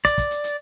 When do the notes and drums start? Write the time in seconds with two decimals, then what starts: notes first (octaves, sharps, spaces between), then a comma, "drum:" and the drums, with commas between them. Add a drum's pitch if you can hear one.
0.05 D5, drum: kick, hi-hat
0.18 drum: kick, hi-hat
0.31 drum: hi-hat
0.44 drum: hi-hat